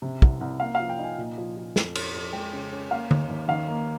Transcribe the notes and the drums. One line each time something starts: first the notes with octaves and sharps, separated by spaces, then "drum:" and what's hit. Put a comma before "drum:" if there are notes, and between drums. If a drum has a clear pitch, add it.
C3
C2, drum: kick
C2
A#3 F5
F3 F5
G5
D#4 G#5
A#2
F3
F3
F2, drum: snare
F2, drum: cymbal
F2
G#3 G5
C#3
C#4
A#3 F5
D#2, drum: tom D3
D#2
D#3 F5
A#3